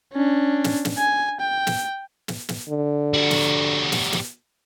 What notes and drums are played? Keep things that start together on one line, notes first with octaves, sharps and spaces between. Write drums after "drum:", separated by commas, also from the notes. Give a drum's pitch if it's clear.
C#4 D4
drum: snare
drum: snare
G#5
G5
drum: snare
drum: snare
drum: snare
D3
G3 F#4
drum: snare
drum: snare
drum: snare